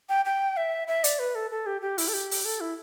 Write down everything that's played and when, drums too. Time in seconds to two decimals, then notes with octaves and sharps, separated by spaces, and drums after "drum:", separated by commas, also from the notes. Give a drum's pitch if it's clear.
0.09 G5
0.25 G5
0.57 E5
0.88 E5
1.04 D5, drum: hi-hat
1.19 B4
1.35 A4
1.51 A4
1.66 G4
1.82 G4
1.98 E4, drum: open hi-hat
2.08 A4
2.14 G4
2.31 drum: open hi-hat
2.45 A4
2.60 E4